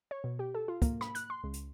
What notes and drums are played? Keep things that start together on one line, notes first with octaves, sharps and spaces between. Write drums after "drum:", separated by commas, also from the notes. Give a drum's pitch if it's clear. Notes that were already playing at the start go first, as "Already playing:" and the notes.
C#5
B2
G4
A4
F4
A#3, drum: kick, hi-hat
B5, drum: rim click
F#6, drum: hi-hat
C6
C#2
drum: hi-hat